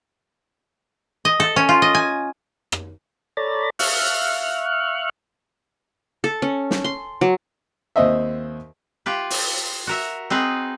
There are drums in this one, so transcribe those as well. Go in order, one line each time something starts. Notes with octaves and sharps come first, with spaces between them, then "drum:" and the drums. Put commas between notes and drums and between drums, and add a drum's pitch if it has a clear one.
D#5
A4
C#4
F4
D#5
G#5
drum: rim click
A4 C#5 D5 A#5 B5 A6
E5 F5 C#6 F6 F#6, drum: open hi-hat
A4
C#4
drum: snare
C6
F#3
D#2 C4 D#5 E5
F4 G4 B4
drum: open hi-hat
F#4 A#4 E5
C4 D#4 G#4 B4